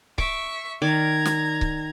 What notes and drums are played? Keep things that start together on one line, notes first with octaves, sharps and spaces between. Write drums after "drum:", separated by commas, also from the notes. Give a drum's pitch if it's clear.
E5 C#6 D6, drum: kick C#1
D#3 D5 A#5 D6 G#6
drum: snare
drum: kick C#1